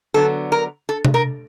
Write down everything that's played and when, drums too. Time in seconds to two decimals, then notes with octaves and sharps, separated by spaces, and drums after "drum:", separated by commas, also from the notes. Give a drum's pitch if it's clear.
0.14 D3 F#3 B3 A4
0.52 A#4
0.89 A4
1.05 drum: tom C3
1.14 A#4